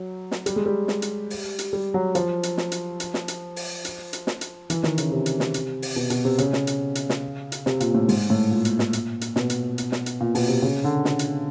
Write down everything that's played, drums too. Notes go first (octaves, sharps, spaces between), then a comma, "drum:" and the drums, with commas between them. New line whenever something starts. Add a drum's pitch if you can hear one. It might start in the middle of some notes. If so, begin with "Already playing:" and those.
Already playing: F#3
drum: snare
G3, drum: hi-hat
G#3
G3
drum: snare
drum: hi-hat
drum: open hi-hat
drum: hi-hat
G3
F#3
F3, drum: hi-hat
drum: hi-hat
drum: snare
drum: hi-hat
drum: hi-hat
drum: snare
drum: hi-hat
drum: open hi-hat
drum: hi-hat
drum: hi-hat
drum: snare
drum: hi-hat
E3, drum: hi-hat
D#3, drum: snare
C#3, drum: hi-hat
C3
drum: hi-hat
drum: snare
drum: hi-hat
drum: open hi-hat
B2
B2, drum: hi-hat
C3
C#3, drum: hi-hat
drum: snare
drum: hi-hat
drum: hi-hat
drum: snare
drum: hi-hat
C3, drum: snare
A#2, drum: hi-hat
A2
G#2, drum: open hi-hat
A2
A#2
drum: hi-hat
drum: snare
drum: hi-hat
drum: hi-hat
B2, drum: snare
drum: hi-hat
drum: hi-hat
drum: snare
drum: hi-hat
A#2
B2, drum: open hi-hat
C3
C#3
D3
drum: snare
drum: hi-hat